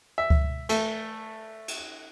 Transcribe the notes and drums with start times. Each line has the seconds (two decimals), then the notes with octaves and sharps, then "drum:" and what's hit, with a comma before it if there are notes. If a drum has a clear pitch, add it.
0.18 E5
0.30 drum: kick C#2
0.69 A3, drum: cymbal
1.68 drum: cymbal